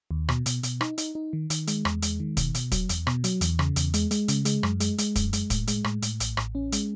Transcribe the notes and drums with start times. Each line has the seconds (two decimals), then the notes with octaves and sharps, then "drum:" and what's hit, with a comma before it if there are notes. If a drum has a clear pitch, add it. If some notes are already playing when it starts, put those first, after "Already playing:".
0.11 D#2
0.29 B2, drum: rim click
0.46 B2, drum: hi-hat
0.63 B2, drum: hi-hat
0.81 D#4, drum: rim click
0.98 D#4, drum: hi-hat
1.15 D#4
1.33 D#3
1.50 D#3, drum: hi-hat
1.68 G#3, drum: hi-hat
1.85 E2, drum: rim click
2.02 G#3, drum: hi-hat
2.20 D#3
2.37 B2, drum: kick, hi-hat
2.55 B2, drum: hi-hat
2.72 F#3, drum: kick, hi-hat
2.89 E2, drum: hi-hat
3.07 B2, drum: rim click
3.24 F#3, drum: hi-hat
3.41 E2, drum: hi-hat
3.59 C#3, drum: rim click
3.76 E2, drum: hi-hat
3.94 G#3, drum: hi-hat
4.11 G#3, drum: hi-hat
4.28 C#3, drum: hi-hat
4.45 G#3, drum: hi-hat
4.63 F#2, drum: rim click
4.80 G#3, drum: hi-hat
4.99 G#3, drum: hi-hat
5.16 F#2, drum: kick, hi-hat
5.33 G#3, drum: hi-hat
5.50 A2, drum: kick, hi-hat
5.68 G#3, drum: hi-hat
5.84 A2, drum: rim click
6.03 A2, drum: hi-hat
6.20 A1, drum: hi-hat
6.37 A1, drum: rim click
6.55 C#4
6.72 G#3, drum: hi-hat